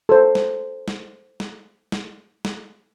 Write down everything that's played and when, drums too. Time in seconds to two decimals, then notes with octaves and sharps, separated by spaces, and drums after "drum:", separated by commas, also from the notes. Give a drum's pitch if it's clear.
0.09 A4 C5
0.35 drum: snare
0.88 drum: snare
1.40 drum: snare
1.92 drum: snare
2.45 drum: snare